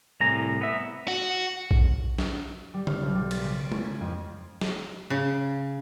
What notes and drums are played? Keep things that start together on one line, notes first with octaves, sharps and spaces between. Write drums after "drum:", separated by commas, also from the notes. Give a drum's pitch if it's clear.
C2 A2 G#5 A#5
B3 E5
F#4
drum: kick A#1
drum: snare
G3
F6, drum: tom C#3
B1
G3
A6, drum: cymbal
C#3
D7
C#4, drum: tom G#3
G#6
F2
drum: snare
C#3